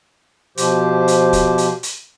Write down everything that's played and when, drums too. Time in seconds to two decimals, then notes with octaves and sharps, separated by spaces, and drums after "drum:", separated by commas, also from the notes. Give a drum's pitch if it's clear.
0.57 B2 F3 G4 C5, drum: hi-hat
1.08 drum: hi-hat
1.33 drum: kick, hi-hat
1.58 drum: hi-hat
1.83 drum: hi-hat